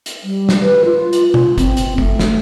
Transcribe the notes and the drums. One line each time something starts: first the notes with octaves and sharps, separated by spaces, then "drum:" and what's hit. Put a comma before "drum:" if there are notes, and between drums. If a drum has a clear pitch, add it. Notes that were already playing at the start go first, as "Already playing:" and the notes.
drum: hi-hat
G3
drum: snare
B4
F4
drum: hi-hat
drum: tom B2
C4, drum: kick G1, hi-hat
drum: hi-hat
A3, drum: kick G1
drum: snare